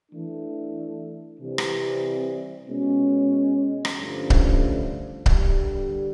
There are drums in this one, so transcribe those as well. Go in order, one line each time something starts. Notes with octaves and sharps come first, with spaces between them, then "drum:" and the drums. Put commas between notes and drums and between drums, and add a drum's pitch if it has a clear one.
E3 A3 D4
C3 E3 G3 C4
drum: rim click
B2 G#3 C#4
drum: rim click
G2 D3 F3 A3 C#4
drum: kick C#1
G2 D3 G3, drum: kick C#1